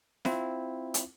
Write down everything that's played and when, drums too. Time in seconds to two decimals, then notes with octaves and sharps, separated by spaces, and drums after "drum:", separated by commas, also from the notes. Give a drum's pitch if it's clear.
0.25 C4 E4 F4, drum: snare
0.94 drum: hi-hat